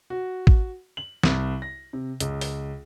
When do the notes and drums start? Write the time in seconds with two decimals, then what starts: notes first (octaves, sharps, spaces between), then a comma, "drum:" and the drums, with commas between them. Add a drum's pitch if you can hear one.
0.10 F#4
0.47 drum: kick A1
0.97 F#7
1.23 C2, drum: snare
1.62 A#6
1.93 C3
2.20 C#2, drum: hi-hat
2.41 drum: open hi-hat